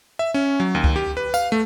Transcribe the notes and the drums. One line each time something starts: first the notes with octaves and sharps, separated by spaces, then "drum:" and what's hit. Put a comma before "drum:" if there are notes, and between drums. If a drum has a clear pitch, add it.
E5
C#4
F#3
D#2
drum: kick C#2
G4
B4
F5, drum: tambourine
A3